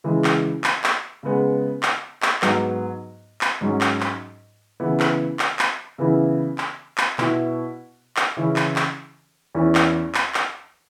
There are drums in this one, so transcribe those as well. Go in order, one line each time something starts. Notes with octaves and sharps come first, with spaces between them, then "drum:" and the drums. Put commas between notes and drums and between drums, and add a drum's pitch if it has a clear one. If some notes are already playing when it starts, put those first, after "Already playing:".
C#3 E3 G#3
drum: clap
drum: clap
drum: clap
C#3 G#3 B3
drum: clap
drum: clap
G#2 F#3 B3, drum: clap
drum: clap
G#2 F#3 C#4
drum: clap
drum: clap
C#3 E3 B3 E4
drum: clap
drum: clap
drum: clap
C#3 E3 B3 E4
drum: clap
drum: clap
B2 B3 E4, drum: clap
drum: clap
C#3 E3 C#4 E4
drum: clap
drum: clap
E2 E3 C#4 E4
drum: clap
drum: clap
drum: clap